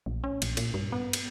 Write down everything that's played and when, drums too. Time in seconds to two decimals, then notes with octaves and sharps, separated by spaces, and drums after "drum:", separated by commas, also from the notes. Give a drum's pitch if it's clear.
0.06 A#1
0.24 C#4
0.42 A#1, drum: cymbal
0.57 A#2, drum: cymbal
0.74 G2
0.92 B3
1.13 drum: cymbal